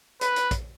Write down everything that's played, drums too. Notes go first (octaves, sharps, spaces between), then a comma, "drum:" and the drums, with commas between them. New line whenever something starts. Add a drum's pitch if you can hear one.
B4, drum: hi-hat
drum: hi-hat
drum: kick, hi-hat